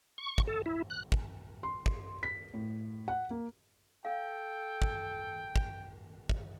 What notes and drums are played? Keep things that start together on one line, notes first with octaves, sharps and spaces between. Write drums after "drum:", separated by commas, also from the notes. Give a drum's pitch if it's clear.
C#6
drum: kick
A4
E4
F#6
drum: kick
C6
drum: kick
B6
A2
F#5
A#3
A4 F5 G5
drum: kick
drum: kick
drum: kick